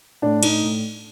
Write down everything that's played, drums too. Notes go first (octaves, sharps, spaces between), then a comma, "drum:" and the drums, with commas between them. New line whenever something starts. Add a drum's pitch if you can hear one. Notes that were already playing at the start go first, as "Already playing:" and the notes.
A2 D4
A2 D#4, drum: cymbal
A2